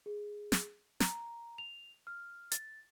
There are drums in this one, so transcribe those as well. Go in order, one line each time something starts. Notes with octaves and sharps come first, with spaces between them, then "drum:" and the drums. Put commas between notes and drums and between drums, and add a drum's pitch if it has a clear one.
G#4
drum: snare
A#5, drum: snare
F7
F6
A6, drum: hi-hat